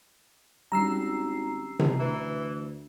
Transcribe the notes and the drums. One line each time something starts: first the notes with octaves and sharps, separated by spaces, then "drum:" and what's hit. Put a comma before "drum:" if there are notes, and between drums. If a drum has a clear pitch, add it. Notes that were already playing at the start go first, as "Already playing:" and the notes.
G#1 G3 C#4 D4 A#5 E6 C7
drum: tom C3
D2 E3 B4